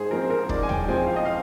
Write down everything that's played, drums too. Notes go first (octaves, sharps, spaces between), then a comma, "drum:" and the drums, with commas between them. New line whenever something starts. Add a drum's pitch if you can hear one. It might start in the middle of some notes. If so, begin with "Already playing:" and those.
Already playing: G#2 G#4 C5
F3 G#3 C4 A#4
A#4
G#2 D5, drum: kick
G#5
G5, drum: tom D#2
F3 G#3 C4 G#5
F5
D#5
F5